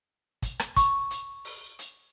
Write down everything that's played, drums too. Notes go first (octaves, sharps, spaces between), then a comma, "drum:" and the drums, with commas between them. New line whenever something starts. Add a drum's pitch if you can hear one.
drum: kick, hi-hat
drum: rim click
C#6, drum: kick, hi-hat
drum: hi-hat
drum: open hi-hat
drum: hi-hat